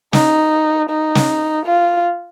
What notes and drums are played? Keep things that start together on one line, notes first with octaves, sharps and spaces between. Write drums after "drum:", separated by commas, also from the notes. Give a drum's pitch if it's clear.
D#4, drum: snare
D#4
drum: snare
F4